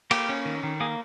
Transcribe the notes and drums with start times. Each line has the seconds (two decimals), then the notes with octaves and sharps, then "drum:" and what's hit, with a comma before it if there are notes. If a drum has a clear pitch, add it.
0.11 A#3 G4, drum: cymbal
0.29 C#4
0.45 D#3
0.63 D#3
0.80 A#3 G#4